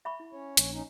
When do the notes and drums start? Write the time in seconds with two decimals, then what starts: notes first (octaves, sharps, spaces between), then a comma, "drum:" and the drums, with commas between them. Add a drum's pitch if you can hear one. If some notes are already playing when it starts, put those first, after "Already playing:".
0.05 E5 B5 C#6
0.20 E4
0.33 C#4 C#5
0.57 A#1, drum: hi-hat
0.73 C#4 D#4